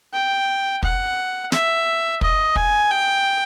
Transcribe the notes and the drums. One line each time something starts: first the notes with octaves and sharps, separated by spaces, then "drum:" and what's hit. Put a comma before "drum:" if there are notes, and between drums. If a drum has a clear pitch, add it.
G5
F#5, drum: kick
E5, drum: snare
D#5, drum: kick
G#5, drum: kick
G5